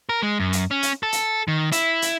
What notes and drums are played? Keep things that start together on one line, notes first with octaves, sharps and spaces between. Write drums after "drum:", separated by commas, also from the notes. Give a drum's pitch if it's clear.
A#4
G#3
F#2
drum: hi-hat
C#4
drum: hi-hat
A4
drum: hi-hat
D#3
E4, drum: hi-hat
drum: hi-hat